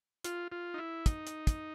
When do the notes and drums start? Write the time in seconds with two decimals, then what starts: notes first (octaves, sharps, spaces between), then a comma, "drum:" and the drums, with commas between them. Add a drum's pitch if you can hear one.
0.24 F4, drum: hi-hat
0.52 F4
0.74 D#4
0.78 E4
1.06 D#4, drum: kick, hi-hat
1.27 drum: hi-hat
1.47 drum: kick, hi-hat